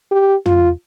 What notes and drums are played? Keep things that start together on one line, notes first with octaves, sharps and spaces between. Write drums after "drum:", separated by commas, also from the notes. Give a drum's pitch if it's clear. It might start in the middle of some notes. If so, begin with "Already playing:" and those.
G4
F4, drum: tom